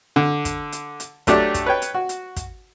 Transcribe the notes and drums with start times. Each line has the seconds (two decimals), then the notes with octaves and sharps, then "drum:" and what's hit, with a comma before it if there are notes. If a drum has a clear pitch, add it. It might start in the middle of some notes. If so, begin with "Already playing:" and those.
0.16 D3
0.45 drum: kick, hi-hat
0.72 drum: hi-hat
1.00 drum: hi-hat
1.27 F#3 A3 D4 G4 D5, drum: kick, hi-hat
1.54 drum: kick, hi-hat
1.66 B4 C#5 G5
1.82 drum: hi-hat
1.94 F#4
2.09 drum: hi-hat
2.36 drum: kick, hi-hat